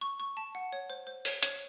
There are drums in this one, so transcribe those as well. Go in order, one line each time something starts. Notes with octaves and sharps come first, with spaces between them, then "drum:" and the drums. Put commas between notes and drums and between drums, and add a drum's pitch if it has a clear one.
C#6
C#6
A5
F#5
C#5
C5
C5
C#5, drum: open hi-hat
C#5, drum: hi-hat